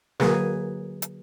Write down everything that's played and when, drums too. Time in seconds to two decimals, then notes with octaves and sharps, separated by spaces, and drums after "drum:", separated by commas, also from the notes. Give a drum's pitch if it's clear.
0.20 D3 F#3 A#3 G#4 A#4 B4, drum: snare
1.02 drum: hi-hat